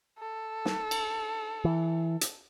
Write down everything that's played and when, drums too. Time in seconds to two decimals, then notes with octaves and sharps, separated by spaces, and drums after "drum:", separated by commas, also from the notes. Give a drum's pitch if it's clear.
0.19 A4
0.65 drum: snare
0.91 drum: cymbal
1.65 E3
2.21 drum: hi-hat